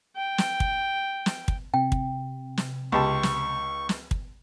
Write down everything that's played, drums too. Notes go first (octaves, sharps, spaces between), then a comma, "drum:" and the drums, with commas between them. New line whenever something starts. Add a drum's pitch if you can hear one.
G5
drum: snare
drum: kick
drum: snare
drum: kick
C3 G5
drum: kick
drum: snare
C#2 G4 A5 C6 C#6
drum: snare
drum: snare
drum: kick